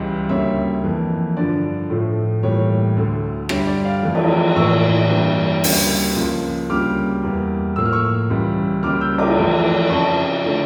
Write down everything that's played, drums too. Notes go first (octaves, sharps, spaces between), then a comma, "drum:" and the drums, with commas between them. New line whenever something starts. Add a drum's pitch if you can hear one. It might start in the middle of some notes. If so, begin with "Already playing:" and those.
Already playing: C#2 C#3 E3 G3
D2 C#3 G3 A#3 C#5 E5
F2 E3 A#3
G2 D3 F3 D5
A2 F3 A3
A2 E3 G3 A#3 C#5
D2 D3 A3
G2 D3 G3 C#5 E5, drum: rim click
D5
D5 F5
F2 E3 A3
drum: cymbal
A2 E3 A#3 C#6 E6
G2 E3 G3 A#3
D2 C#3 G3 A#3, drum: open hi-hat
C#2 C#3 F3 A#3
D2 C#3 G3 A#3 D6 F6
E2 E3 G3 A#3
A2 F3 A#3 E6
F6
C#6 E6
C#2 C#3 E3 G3
C#2 C#3 G3 A#3 D6 F6
E6 G6
A#5 D6, drum: cymbal
F2 E3 A3
F2 C#3 F3 A5 C#6
D3 A3